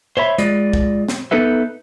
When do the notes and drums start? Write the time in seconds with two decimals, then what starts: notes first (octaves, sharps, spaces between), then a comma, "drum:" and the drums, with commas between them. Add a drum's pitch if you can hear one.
0.17 C5 C#5 E5 B5
0.38 G#3 F4 D5 D#5, drum: hi-hat
0.73 drum: kick
1.09 drum: snare
1.31 B3 D#4 A4 B4 E5